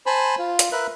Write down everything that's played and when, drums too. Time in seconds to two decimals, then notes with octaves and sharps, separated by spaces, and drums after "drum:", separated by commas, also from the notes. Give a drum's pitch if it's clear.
0.06 C5 G#5 A5 B5
0.39 F4
0.59 drum: hi-hat
0.72 A#4 B4 E5 F#6